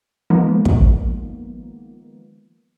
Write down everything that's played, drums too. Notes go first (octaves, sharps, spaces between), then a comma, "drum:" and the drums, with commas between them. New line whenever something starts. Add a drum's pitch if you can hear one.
D#3 F3 G#3 A#3 B3
drum: kick